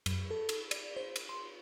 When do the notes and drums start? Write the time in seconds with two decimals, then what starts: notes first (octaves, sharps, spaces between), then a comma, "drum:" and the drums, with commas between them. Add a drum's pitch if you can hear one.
0.06 F#2, drum: cymbal
0.31 A4
0.49 drum: cymbal
0.71 D5, drum: cymbal
0.96 C5
1.16 drum: cymbal
1.29 C6